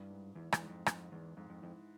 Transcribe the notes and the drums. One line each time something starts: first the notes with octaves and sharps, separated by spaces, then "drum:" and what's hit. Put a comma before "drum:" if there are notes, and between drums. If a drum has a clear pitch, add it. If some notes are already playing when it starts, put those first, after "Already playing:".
Already playing: G2 E3
G#2
E2 E3
E2, drum: rim click
G#2
F2
F2 G#2, drum: rim click
E2 G#2
F2 G#2
F2
F2 E3